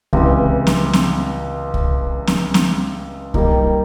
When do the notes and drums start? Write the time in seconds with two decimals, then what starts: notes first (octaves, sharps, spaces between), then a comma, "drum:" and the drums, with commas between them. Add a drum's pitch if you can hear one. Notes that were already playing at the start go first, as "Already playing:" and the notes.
0.13 C#2 C3 E3, drum: kick C2
0.67 drum: snare C4
0.93 drum: snare C4
1.74 drum: kick C2
2.27 drum: snare C4
2.54 drum: snare C4
3.34 D#3 G3 A#3 D#4, drum: kick C2